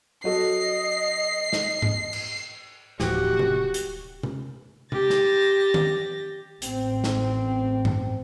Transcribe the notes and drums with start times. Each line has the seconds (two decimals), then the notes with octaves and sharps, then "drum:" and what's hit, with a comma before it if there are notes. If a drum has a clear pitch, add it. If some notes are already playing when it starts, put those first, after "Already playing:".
0.24 F#3 F#4 A4 D#5 C7
1.53 drum: snare
1.82 drum: tom G#2
2.13 drum: cymbal
3.00 D1 A2 E3 F3 F#4 G4, drum: snare
3.39 drum: tom C3
3.74 drum: hi-hat
4.23 drum: tom C3
4.92 G4 A6 A#6, drum: tom C3
5.10 drum: snare
5.74 drum: tom
6.62 A1 C4, drum: hi-hat
7.04 drum: snare
7.85 drum: tom G2